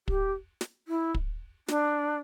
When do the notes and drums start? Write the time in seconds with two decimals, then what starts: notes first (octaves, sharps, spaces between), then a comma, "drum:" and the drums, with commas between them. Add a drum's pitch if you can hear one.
0.08 G4, drum: kick
0.61 drum: snare
0.88 E4
1.14 drum: kick
1.68 D4, drum: snare